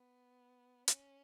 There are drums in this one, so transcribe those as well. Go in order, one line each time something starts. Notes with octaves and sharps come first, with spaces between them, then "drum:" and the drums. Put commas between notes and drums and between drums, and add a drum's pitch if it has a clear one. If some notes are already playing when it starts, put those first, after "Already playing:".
Already playing: B3
C#4, drum: hi-hat